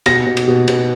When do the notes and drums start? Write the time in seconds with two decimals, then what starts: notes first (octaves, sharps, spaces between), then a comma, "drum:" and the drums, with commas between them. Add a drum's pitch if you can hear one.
0.06 B2 A#6, drum: cymbal
0.26 B2
0.37 drum: cymbal
0.48 B2
0.68 B2, drum: cymbal